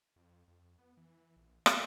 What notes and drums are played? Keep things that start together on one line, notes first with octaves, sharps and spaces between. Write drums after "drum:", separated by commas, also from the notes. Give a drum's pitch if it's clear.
F2
F2
B3
E3
A#1
G2, drum: rim click